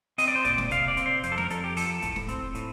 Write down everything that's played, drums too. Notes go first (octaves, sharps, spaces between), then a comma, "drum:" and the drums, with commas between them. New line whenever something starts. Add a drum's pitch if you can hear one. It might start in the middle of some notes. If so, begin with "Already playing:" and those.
C4 D#5, drum: open hi-hat
D5
C5
A#2 D5, drum: kick, hi-hat
drum: snare
C3 F5, drum: kick, hi-hat
D5
C4, drum: hi-hat
C5
F2 C5, drum: hi-hat
A4
A#4, drum: snare
F2 A4, drum: hi-hat
G4
F3 A4, drum: open hi-hat
A2, drum: kick, hi-hat
drum: snare
C4, drum: kick, hi-hat
A2, drum: hi-hat